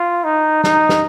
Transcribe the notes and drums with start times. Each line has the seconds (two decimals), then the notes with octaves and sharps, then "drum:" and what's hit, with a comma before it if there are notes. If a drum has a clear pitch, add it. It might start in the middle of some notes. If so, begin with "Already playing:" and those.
Already playing: F4
0.24 D#4
0.64 D#4, drum: snare
0.89 drum: snare